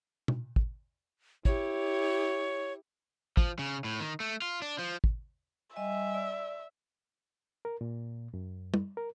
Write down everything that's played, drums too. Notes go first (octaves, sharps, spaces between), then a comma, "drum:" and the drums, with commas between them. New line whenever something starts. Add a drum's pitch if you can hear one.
drum: tom B2
drum: kick
E4 G4 C#5, drum: kick
F3, drum: kick
C#3
A2
D#3
A3
F4
D4
F3
drum: kick
G3 D#5 E5 G#5
D5 E6
A#4
A#2
F#2
drum: tom
A#4